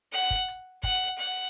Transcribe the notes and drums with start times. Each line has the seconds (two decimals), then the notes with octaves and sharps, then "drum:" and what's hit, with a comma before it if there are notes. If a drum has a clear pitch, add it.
0.13 F#5, drum: open hi-hat
0.31 drum: kick
0.48 drum: hi-hat
0.83 F#5, drum: kick, hi-hat
1.19 F#5, drum: open hi-hat